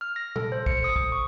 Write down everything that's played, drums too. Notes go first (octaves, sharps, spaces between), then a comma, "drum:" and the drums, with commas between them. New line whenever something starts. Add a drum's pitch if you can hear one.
F6
A#6
A4, drum: tom A#2
C5
C#7, drum: kick
D#6
drum: kick
C#6